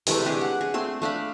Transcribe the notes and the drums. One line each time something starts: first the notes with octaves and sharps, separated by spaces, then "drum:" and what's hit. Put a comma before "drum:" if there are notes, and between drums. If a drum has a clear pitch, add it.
C3 E3 G#3 A3, drum: open hi-hat
C4 D4 G4 G#4
F#5
G#4
A3 C4 C6
A3 D4 F5 B5